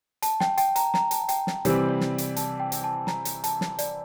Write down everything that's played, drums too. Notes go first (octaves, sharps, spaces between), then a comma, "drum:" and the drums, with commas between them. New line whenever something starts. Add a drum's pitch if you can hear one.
A5, drum: hi-hat
G5, drum: snare
G5, drum: hi-hat
A#5, drum: hi-hat
A#5, drum: snare
A5, drum: hi-hat
G5, drum: hi-hat
drum: snare
C3 E3 G3 C4 G4, drum: hi-hat
D5
drum: snare
drum: hi-hat
A5, drum: hi-hat
G5
drum: hi-hat
A5
A#5, drum: snare
drum: hi-hat
A5, drum: hi-hat
drum: snare
D5, drum: hi-hat